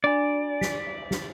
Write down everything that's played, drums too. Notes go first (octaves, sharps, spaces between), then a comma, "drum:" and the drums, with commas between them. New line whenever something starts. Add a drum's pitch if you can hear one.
D4 D5 G#5
B6, drum: snare
drum: cymbal
drum: snare